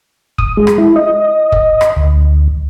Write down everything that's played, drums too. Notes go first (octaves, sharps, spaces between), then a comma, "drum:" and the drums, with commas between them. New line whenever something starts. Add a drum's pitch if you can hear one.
D#6, drum: kick
G#3
drum: rim click
E4
D#5
drum: kick
drum: rim click
D2